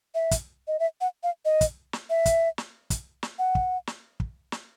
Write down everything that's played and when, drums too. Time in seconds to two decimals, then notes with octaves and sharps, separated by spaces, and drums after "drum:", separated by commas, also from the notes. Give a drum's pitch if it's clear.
0.15 E5
0.31 drum: kick, hi-hat
0.68 D#5
0.80 E5
1.01 F#5
1.23 F5
1.45 D#5
1.61 drum: kick, hi-hat
1.93 drum: snare
2.10 E5
2.26 drum: kick, hi-hat
2.58 drum: snare
2.90 drum: kick, hi-hat
3.23 drum: snare
3.39 F#5
3.55 drum: kick
3.87 drum: snare
4.20 drum: kick
4.52 drum: snare